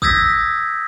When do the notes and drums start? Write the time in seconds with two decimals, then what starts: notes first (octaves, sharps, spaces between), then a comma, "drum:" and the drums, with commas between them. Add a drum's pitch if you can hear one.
0.02 D#6 E6 G6 G#6 A#6 B6, drum: kick